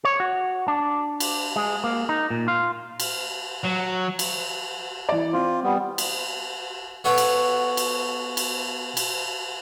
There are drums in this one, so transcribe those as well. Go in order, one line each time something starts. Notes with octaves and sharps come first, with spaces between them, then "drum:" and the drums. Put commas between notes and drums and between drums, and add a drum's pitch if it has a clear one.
C#5
F#4
D4
drum: cymbal
G#3
A#3
D#4
A#2
F4
drum: cymbal
F#3
drum: cymbal
E3 D5
C4 F4
G3 B3
drum: cymbal
B3 F#4 A4 B4 C#5 G#5
drum: cymbal
drum: cymbal
drum: cymbal
drum: cymbal